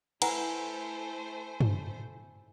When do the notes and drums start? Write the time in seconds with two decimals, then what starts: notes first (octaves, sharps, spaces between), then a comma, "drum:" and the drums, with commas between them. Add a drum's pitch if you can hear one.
0.22 A3 E4 B4 C5 F#5 G#5 A#5, drum: cymbal
1.61 drum: tom